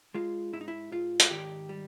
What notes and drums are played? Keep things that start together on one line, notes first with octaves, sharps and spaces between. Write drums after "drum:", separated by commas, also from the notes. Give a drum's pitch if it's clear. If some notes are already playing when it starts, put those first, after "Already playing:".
G#3 F4
G#2 E4
D#4
E4
G#2 F4
F#4, drum: hi-hat
D#3 G4
G3